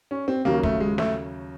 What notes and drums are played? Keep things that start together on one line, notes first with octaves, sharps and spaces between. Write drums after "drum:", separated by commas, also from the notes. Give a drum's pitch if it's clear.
C#4
C4
D#2 C#3 F#3 A#3
A3, drum: kick
G#3
A3, drum: snare